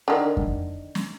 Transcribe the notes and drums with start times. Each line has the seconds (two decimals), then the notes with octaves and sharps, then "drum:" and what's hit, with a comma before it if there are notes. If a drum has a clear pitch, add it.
0.08 D3 D#3
0.37 drum: kick F2
0.95 drum: snare